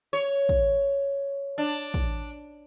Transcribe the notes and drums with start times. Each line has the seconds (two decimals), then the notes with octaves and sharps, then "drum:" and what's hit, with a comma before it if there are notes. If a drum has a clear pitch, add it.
0.13 C#5
0.49 drum: kick
1.58 D4
1.94 drum: kick